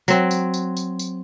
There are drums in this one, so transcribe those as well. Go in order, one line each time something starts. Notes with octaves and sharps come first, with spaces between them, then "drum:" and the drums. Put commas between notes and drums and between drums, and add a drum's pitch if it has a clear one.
F#3 C4, drum: tambourine
drum: tambourine
drum: tambourine
drum: tambourine
drum: tambourine